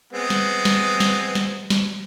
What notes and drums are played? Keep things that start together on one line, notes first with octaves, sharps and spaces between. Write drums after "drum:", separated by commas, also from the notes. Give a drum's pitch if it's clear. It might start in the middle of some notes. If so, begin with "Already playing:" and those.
G#3 B3 C4
drum: snare
drum: snare
drum: snare
drum: snare
drum: snare